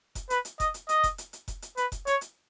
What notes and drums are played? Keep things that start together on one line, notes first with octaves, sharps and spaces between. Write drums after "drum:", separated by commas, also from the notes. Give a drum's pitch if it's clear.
drum: kick F1, hi-hat
B4, drum: hi-hat
drum: hi-hat
D#5, drum: kick F1, hi-hat
drum: hi-hat
D#5, drum: hi-hat
drum: kick F1, hi-hat
drum: hi-hat
drum: hi-hat
drum: kick F1, hi-hat
drum: hi-hat
B4, drum: hi-hat
drum: kick F1, hi-hat
C#5, drum: hi-hat
drum: hi-hat